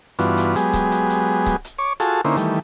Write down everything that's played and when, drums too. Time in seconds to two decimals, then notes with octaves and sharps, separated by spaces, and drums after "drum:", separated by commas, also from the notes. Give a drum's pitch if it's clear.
0.19 G2 E3 B3 D4 F4 F#4, drum: hi-hat
0.37 drum: hi-hat
0.56 F#3 G#3 B3 G4 G#4, drum: hi-hat
0.73 drum: kick C#1, hi-hat
0.92 drum: hi-hat
1.10 drum: hi-hat
1.46 drum: kick C#1, hi-hat
1.65 drum: hi-hat
1.79 C#5 C#6 D6
2.00 F4 F#4 G#4 A4 A5, drum: hi-hat
2.25 D3 A#3 C#4 D#4 E4 C5
2.37 D#3 E3 G3 A3, drum: hi-hat